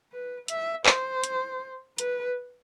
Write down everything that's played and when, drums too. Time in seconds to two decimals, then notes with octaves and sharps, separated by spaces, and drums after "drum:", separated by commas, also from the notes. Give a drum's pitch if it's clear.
0.12 B4
0.48 E5, drum: hi-hat
0.86 C5, drum: clap
1.24 drum: hi-hat
1.98 B4, drum: hi-hat